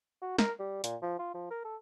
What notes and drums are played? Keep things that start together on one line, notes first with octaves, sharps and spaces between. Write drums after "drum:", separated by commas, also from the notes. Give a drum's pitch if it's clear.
F#4
A#4, drum: snare
G3
A#2, drum: hi-hat
F3
F4
F3
A#4
A4